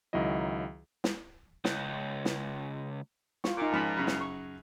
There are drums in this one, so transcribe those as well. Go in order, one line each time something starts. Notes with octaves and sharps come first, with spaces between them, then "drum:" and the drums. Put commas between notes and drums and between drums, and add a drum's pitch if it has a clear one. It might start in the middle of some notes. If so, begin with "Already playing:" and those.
C#2 D#3 F#3 E4 D#5
drum: snare
C#2, drum: snare
drum: snare
F4 C#6, drum: snare
A#2 D#4 C6 D6
G#2 F3 C#4 A5 B5
F#2 C#3 F#3 B5
drum: snare
C#6